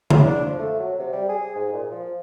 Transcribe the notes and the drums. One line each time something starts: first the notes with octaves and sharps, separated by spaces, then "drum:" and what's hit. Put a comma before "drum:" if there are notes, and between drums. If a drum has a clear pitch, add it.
F#3, drum: tom D3
D4
F3
A3
F#3
C3
G3
G#4
G#2
A#2
F3